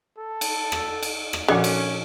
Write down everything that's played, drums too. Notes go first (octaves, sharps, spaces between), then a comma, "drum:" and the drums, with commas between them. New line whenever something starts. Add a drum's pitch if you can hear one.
A4
drum: cymbal
drum: rim click
drum: cymbal
drum: rim click
A#2 D3 F3 C#4 F#4
drum: cymbal